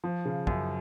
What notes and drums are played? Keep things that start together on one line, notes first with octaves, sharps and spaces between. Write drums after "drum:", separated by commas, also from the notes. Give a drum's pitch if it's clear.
F3
C#3
F#2, drum: kick